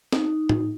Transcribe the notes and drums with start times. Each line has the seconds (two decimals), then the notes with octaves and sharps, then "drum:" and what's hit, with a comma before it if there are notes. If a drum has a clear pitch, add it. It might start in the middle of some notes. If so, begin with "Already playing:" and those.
0.13 D#4, drum: snare
0.49 drum: tom A2